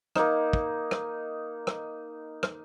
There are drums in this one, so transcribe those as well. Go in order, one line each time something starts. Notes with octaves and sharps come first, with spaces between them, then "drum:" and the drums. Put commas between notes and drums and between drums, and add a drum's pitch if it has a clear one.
A#3 D#4, drum: rim click
drum: kick
drum: rim click
drum: rim click
drum: rim click